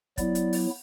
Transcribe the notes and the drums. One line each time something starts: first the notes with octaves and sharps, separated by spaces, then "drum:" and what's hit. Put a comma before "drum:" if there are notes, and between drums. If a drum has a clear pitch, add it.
F#3 B3 E4 D5, drum: kick, hi-hat
drum: hi-hat
drum: open hi-hat